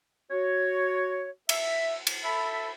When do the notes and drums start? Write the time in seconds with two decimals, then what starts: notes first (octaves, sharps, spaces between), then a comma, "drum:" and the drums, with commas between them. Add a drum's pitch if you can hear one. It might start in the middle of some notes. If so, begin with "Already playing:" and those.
0.31 F#4 C#5
1.49 E5, drum: cymbal
2.07 drum: cymbal
2.23 A4 E5 A5 B5